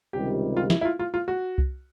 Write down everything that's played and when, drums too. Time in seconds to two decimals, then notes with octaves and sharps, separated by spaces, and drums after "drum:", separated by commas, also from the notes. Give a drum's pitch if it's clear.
0.13 C#2 C3 D#3 G3 G4
0.57 F4
0.70 E4, drum: snare
0.81 E4
0.85 F4
0.99 F4
1.14 F4
1.28 F#4
1.58 drum: kick C2